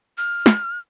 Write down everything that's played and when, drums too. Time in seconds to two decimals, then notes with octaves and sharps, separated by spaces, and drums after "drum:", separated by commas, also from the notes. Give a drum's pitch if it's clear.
0.17 F6
0.46 drum: snare